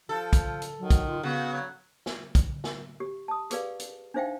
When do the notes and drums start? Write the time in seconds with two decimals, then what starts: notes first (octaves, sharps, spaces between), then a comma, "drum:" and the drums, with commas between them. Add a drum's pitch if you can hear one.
0.09 F3 A4
0.33 drum: kick, hi-hat
0.62 drum: hi-hat
0.78 D#3 F#3
0.90 drum: kick, hi-hat
1.07 F4
1.23 C#3 B3 F#4
1.52 F#3
2.06 drum: snare
2.35 drum: kick, hi-hat
2.64 drum: snare
3.00 G4
3.28 A5 D#6
3.51 G4 G#4 B4 D5 F5, drum: hi-hat
3.79 drum: hi-hat
4.14 D4 D#4 C5 E5 F5 G5